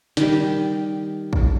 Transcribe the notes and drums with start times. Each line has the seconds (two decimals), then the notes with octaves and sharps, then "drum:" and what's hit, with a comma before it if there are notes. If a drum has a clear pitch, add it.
0.17 D#3 G3, drum: snare
1.33 drum: kick